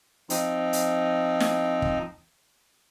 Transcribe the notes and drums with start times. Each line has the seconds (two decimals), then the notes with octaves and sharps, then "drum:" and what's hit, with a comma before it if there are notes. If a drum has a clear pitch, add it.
0.30 F3 C4 D#4, drum: hi-hat
0.73 drum: hi-hat
1.41 drum: snare
1.82 drum: kick